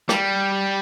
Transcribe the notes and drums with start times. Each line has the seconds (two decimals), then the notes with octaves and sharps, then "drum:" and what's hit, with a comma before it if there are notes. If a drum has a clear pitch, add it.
0.09 G3, drum: rim click